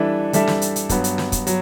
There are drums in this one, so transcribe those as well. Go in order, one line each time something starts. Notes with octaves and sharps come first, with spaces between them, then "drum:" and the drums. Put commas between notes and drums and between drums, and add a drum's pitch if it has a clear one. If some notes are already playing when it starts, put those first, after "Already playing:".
Already playing: E3 G3 D4 A4 E5
E3 G3 D4 A4 E5, drum: hi-hat
drum: snare
drum: hi-hat
drum: hi-hat
G2 F#3 B3, drum: kick, hi-hat
drum: hi-hat
drum: snare
drum: kick, hi-hat
F#3, drum: hi-hat